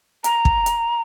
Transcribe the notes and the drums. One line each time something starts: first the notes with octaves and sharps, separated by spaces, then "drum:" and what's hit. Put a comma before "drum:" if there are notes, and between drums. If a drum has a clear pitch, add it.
A#5, drum: hi-hat
drum: kick
drum: hi-hat